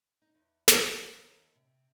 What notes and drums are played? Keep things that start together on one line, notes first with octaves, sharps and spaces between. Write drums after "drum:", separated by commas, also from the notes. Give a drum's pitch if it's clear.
D#4
E2
D4, drum: snare
D#2
C3